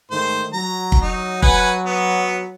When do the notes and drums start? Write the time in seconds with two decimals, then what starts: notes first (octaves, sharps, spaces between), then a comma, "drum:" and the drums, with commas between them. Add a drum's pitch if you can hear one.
0.11 G#2 D#3 A3 C5
0.53 F#3 A#5
0.92 drum: kick
1.02 D#4
1.42 B4 F#5 G#5, drum: kick
1.86 B3